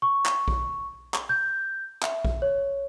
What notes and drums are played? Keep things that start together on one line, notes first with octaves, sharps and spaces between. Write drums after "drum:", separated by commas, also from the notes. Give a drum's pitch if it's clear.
C#6
drum: clap
drum: kick A#1
drum: clap
G6
E5, drum: clap
drum: kick A#1
C#5